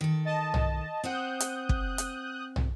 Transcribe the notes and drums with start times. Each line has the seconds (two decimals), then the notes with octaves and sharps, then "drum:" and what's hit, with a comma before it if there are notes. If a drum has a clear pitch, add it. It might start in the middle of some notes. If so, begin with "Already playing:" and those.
0.01 D#3 A4
0.25 D#5 A5
0.54 drum: tom
1.04 C4 C5 F#5 D#6 F#6 G6
1.40 drum: hi-hat
1.69 drum: kick
1.98 drum: hi-hat
2.56 drum: tom